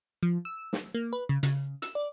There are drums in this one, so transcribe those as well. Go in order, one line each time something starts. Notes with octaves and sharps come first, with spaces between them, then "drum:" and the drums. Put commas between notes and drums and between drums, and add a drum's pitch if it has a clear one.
F3
E6
drum: snare
A#3
B4
C#3
C#3, drum: hi-hat
E6, drum: hi-hat
D5